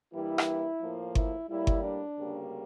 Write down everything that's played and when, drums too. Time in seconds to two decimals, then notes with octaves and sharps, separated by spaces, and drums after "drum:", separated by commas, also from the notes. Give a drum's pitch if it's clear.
0.14 G2 E3 G3 A#3 E4
0.38 drum: rim click
0.82 A2 F3 A#3
1.15 E4, drum: kick G1
1.50 A2 G3 A#3 E4
1.67 drum: kick G1
1.83 D4
2.17 D2 C#3 G3 A#3